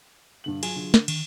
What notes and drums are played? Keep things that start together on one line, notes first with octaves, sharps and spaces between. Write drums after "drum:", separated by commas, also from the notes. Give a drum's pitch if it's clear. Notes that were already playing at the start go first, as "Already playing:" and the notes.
G2 D3 F#7
F#3 F4 G#4 G#5, drum: cymbal
D3
drum: snare
D#3, drum: cymbal